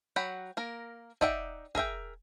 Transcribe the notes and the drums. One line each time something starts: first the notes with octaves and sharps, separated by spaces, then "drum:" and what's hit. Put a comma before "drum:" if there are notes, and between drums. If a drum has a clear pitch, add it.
F#3 F#5 G5 B5
A#3 A#4
D#4 D5 E5 F#5 G5, drum: kick
G#4 A#4 E5 G5, drum: kick